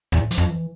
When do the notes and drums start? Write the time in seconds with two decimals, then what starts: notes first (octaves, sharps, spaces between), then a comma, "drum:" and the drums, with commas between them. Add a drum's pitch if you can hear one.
0.12 E2 A2
0.31 F3, drum: hi-hat
0.38 F2
0.50 E3